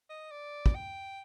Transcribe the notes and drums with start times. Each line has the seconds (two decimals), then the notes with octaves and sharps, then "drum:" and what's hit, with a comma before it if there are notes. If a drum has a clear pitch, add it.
0.10 D#5
0.31 D5
0.66 drum: kick
0.75 G5